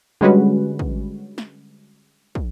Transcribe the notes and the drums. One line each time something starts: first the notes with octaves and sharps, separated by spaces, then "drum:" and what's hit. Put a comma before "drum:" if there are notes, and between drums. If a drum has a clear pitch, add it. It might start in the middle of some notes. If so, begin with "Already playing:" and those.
D3 G3 G#3 C#4 F#4 B4
drum: kick
drum: snare
drum: kick